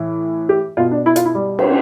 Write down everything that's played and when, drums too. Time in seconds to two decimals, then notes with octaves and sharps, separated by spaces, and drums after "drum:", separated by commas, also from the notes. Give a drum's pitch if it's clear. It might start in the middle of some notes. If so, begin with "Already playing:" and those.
Already playing: A2 E3
0.49 G4
0.77 B2 F4
0.91 D4
1.06 E4
1.16 F4, drum: hi-hat
1.26 E4
1.35 G3
1.59 drum: cymbal